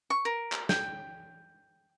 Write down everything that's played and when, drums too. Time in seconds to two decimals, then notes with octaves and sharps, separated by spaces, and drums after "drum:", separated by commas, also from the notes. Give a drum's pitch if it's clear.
0.10 C#6
0.25 A#4
0.52 drum: clap
0.69 G5, drum: snare